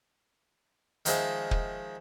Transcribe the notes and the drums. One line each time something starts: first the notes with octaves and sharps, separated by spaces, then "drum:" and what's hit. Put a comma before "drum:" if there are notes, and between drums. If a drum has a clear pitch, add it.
D#3 F3 G#3 E5, drum: hi-hat
drum: kick